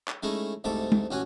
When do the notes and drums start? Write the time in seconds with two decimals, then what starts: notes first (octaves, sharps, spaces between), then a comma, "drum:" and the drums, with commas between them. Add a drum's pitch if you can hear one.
0.08 drum: clap
0.23 G#3 A3 C#4 D#4 E4
0.64 C2 G#2 A3 A4 D6
0.92 drum: tom G#3
1.11 A1 C#4 F#4 G#5